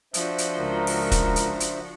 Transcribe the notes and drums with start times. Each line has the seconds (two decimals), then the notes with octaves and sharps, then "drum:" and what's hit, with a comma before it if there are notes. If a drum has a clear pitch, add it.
0.14 F3 D4 F#4 C5 E5, drum: hi-hat
0.38 drum: hi-hat
0.58 C#2 A#4
0.87 drum: open hi-hat
1.11 drum: kick, hi-hat
1.36 drum: hi-hat
1.60 drum: hi-hat